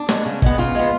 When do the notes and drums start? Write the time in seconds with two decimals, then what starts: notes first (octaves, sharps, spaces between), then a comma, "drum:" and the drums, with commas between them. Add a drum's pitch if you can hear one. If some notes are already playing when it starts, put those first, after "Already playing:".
Already playing: D4
0.09 G#3 B3, drum: snare
0.26 C#3
0.42 G#3 B3, drum: kick
0.58 C#3 F4
0.75 G#3 B3